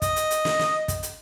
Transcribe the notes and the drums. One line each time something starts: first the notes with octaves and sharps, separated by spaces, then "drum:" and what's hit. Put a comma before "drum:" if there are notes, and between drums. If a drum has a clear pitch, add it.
D#5, drum: kick, hi-hat
drum: hi-hat
drum: hi-hat
drum: snare
drum: snare
drum: kick, hi-hat
drum: hi-hat